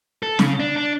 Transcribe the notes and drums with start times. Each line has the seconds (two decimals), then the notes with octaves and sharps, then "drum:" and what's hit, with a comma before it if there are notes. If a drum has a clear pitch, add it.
0.23 A4
0.39 C#3, drum: snare
0.60 D4
0.77 D4